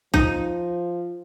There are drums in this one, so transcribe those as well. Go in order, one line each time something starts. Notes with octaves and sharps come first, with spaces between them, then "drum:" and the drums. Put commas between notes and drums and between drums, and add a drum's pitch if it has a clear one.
F3 D#4, drum: kick